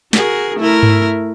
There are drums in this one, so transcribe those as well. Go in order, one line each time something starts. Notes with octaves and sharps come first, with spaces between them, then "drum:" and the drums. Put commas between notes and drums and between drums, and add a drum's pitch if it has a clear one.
F#4 G#4 A#4, drum: snare
A3 E4 A#4
drum: tom G#2